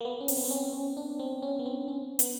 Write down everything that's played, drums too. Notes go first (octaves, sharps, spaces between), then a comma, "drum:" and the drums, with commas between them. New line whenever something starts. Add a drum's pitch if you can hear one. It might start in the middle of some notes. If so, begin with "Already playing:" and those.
A#3
B3
C#4
C4, drum: open hi-hat
B3
C4
C#4
C#4
D4
C4
C#4
B3
C4
C#4
B3, drum: hi-hat